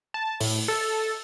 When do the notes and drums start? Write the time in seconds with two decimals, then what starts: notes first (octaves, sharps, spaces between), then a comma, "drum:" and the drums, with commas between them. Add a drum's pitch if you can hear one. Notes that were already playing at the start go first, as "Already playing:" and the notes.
0.14 A5
0.40 A2, drum: open hi-hat
0.68 A4